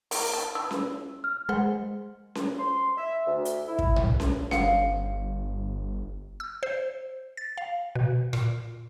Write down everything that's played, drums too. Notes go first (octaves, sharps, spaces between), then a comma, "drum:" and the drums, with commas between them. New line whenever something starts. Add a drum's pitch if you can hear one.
A#3 E4 A#4, drum: open hi-hat
A5
E3 E6
drum: snare C#4
F6
G#3 C5 F#5
drum: snare C#4
C6
E5
D2
drum: hi-hat
E4
drum: kick
drum: tom B1
drum: snare C#4
G1 F5 F#5, drum: snare C#4
E6
C5
A6
F5
B2
A#2, drum: rim click